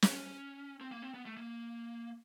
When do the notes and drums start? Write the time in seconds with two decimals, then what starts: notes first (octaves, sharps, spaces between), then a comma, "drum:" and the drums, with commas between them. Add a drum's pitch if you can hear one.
0.02 drum: snare
0.13 C#4
0.81 C4
0.92 A#3
1.02 C4
1.14 B3
1.26 A3
1.37 A#3